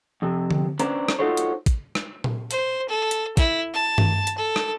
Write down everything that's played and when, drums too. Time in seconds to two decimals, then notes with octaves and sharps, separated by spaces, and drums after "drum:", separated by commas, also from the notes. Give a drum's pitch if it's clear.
0.22 F2 C3
0.51 drum: tom D3
0.80 C#4 D4 B4 C5 A#5, drum: hi-hat
1.08 drum: rim click
1.19 D#4 F4 F#4 A4 C5 C#5
1.37 drum: hi-hat
1.66 drum: kick, hi-hat
1.95 drum: rim click
2.24 drum: tom A#2
2.51 C5, drum: hi-hat
2.89 A4
3.11 drum: hi-hat
3.37 E4, drum: kick, hi-hat
3.74 A5
3.98 drum: tom G2
4.27 drum: hi-hat
4.38 A4
4.56 drum: rim click